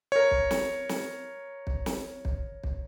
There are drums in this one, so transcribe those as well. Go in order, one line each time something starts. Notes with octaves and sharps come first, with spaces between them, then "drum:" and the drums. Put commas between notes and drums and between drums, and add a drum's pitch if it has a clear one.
A#4 C#5
drum: kick
drum: snare
drum: snare
drum: kick
drum: snare
drum: kick
drum: kick